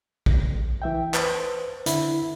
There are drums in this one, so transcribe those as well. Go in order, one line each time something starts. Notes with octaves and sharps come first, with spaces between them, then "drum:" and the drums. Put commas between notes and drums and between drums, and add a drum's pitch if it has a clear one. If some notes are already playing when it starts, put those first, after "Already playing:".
drum: kick A#1
E3 E5 G5
B4 C5, drum: clap
D3 E4 E5 B5, drum: hi-hat